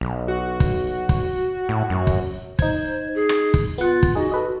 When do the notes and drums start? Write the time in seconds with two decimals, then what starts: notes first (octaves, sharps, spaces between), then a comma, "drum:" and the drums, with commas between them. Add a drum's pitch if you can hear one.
0.01 B1
0.28 F#4
0.60 drum: kick
1.09 drum: kick
1.69 A2
1.90 F#2
2.07 drum: kick
2.59 D#4 C5 G#6, drum: kick
3.14 G#4
3.29 drum: rim click
3.54 drum: kick
3.78 B3 F4 F#5
4.03 drum: kick
4.15 D#4 F#4 G#4
4.32 A4 B4 D#5